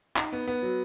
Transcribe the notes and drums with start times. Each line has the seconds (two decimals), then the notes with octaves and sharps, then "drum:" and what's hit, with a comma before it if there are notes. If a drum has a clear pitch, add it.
0.16 D#4, drum: clap
0.32 B3
0.47 B3
0.62 F#3